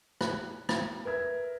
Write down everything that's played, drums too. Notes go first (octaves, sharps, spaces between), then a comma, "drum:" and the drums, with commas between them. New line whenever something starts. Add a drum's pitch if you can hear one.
F#6, drum: rim click
drum: rim click
A#4 B4 E5 G#6